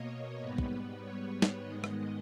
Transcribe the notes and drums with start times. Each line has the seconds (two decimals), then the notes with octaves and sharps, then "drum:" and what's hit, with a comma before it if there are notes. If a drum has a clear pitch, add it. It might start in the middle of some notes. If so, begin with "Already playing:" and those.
Already playing: B2 A#3 C#5 D#5
0.41 G#2 G3 B3 B4
0.58 drum: kick
1.00 C#5
1.42 drum: snare
1.60 G#2 D#3 G#3 B3 D#5
1.84 drum: rim click